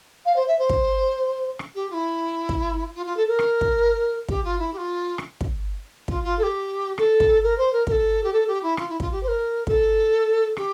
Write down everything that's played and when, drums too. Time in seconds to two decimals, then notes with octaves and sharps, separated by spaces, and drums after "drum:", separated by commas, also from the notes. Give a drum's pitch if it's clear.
0.25 F5
0.35 C5
0.47 E5
0.58 C5
0.69 drum: kick
1.59 drum: rim click
1.74 G4
1.90 F4
1.93 E4
2.49 drum: kick
2.94 F4
3.05 F4
3.16 A4
3.27 A#4
3.39 drum: rim click
3.61 drum: kick
4.28 G4, drum: kick
4.44 F4
4.58 E4
4.73 G4
4.77 F4
5.18 drum: rim click
5.41 drum: kick
6.08 F4, drum: kick
6.23 F4
6.38 A4
6.42 G4
6.98 A4, drum: rim click
7.20 drum: kick
7.43 A#4
7.57 C5
7.72 A#4
7.87 A#4, drum: kick
7.91 A4
8.23 G4
8.32 A4
8.47 G4
8.62 E4
8.77 F4, drum: rim click
8.89 E4
9.00 F4, drum: kick
9.11 G4
9.22 C5
9.27 A#4
9.67 A4, drum: kick
10.57 G4, drum: rim click